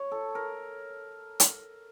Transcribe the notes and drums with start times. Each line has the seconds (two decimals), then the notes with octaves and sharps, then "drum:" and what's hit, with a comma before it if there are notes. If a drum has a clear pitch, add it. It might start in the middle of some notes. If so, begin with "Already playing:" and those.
Already playing: C#5
0.12 A4
0.35 A#4
1.40 drum: hi-hat